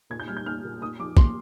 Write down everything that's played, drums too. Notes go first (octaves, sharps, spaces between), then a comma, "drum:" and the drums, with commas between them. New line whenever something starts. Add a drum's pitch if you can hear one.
A#2 G#6
G6
G3 F6
G6
A#3 F6
A#2
A#2 D#6
F3 D6
A#3 C6, drum: kick